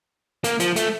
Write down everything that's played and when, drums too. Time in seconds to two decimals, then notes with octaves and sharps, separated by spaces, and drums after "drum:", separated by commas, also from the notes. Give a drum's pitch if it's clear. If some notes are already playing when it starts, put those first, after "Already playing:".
0.44 A#3, drum: hi-hat
0.60 F3, drum: hi-hat
0.76 A3, drum: hi-hat